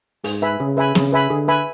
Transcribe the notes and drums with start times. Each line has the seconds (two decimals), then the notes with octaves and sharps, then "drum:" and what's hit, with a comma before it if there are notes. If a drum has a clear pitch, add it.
0.24 G#2 G#4, drum: open hi-hat
0.42 B4 E5 G#5 B5
0.60 C#3 G#4
0.77 B4 E5 G#5 B5
0.95 C#3 G#4, drum: snare
1.13 B4 E5 G#5 B5
1.30 D3 G#4
1.48 B4 E5 G#5 B5